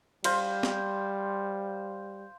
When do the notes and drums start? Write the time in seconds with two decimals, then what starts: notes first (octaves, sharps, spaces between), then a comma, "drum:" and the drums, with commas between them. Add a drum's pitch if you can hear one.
0.24 G3 C5 F5, drum: cymbal
0.63 drum: snare